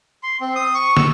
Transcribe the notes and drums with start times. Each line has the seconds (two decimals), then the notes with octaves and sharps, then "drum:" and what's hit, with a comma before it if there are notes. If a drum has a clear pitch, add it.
0.23 C6
0.41 C4
0.56 D#6
0.75 C#6
0.97 E6, drum: snare